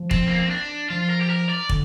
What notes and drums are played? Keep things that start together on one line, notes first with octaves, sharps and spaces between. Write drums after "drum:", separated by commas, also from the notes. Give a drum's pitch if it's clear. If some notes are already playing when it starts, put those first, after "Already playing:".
Already playing: F3
C4, drum: kick
A#3
C4
D4
F3 F4
A#4
G4
A#4
D5
D3, drum: kick